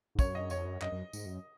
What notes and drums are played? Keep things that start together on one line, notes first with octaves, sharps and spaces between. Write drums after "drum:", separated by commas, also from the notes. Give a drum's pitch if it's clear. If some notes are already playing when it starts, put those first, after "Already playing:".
G#2
F#2 C#5, drum: kick, tambourine
D#5
F2 C#5, drum: tambourine
F#2
F#2 D#5, drum: clap
F#2
G#2, drum: tambourine
F#2